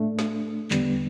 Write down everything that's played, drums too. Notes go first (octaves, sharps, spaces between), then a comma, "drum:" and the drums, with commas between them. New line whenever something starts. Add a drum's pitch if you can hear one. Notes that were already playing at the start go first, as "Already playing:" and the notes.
Already playing: A2 A3 D4
drum: snare
E2 D3 G3 B3 D4, drum: clap